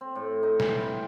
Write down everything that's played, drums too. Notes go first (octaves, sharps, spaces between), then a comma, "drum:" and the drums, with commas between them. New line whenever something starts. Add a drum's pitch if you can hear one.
C4
A2
D#4
E3, drum: snare
G5